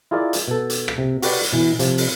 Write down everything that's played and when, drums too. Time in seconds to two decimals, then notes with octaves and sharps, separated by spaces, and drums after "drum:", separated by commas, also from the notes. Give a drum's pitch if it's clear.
0.11 E4 F4 G#4 A#4 D5 D#5
0.33 drum: hi-hat
0.48 B2 A4
0.70 drum: hi-hat
0.88 drum: rim click
0.98 C3
1.22 F#4 G4 B4 D5 G5, drum: open hi-hat
1.43 drum: hi-hat
1.53 B2 E3
1.79 C3 F3, drum: hi-hat
1.98 drum: open hi-hat